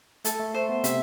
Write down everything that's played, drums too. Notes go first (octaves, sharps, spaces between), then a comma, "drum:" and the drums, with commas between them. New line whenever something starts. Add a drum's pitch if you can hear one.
A3 A4, drum: hi-hat
A3
A3 C5
B3
C3 C4 E5, drum: hi-hat